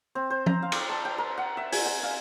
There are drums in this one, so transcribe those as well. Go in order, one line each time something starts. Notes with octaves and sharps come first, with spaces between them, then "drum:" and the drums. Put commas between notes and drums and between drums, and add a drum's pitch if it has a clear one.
C4
C5
A#5, drum: tom F3
F5
drum: cymbal
A5
G5
A#4
F#5
E5
G#5, drum: open hi-hat
G#5
F5